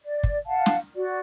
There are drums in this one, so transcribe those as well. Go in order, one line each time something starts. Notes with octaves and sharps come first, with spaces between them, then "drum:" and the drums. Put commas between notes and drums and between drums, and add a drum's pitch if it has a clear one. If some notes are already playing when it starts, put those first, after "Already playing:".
D5
drum: kick
F5 F#5 A5
drum: snare
F#4 D5